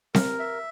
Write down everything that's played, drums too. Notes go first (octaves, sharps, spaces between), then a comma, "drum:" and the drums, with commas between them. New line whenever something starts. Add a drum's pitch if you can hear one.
A#4, drum: snare C4
E5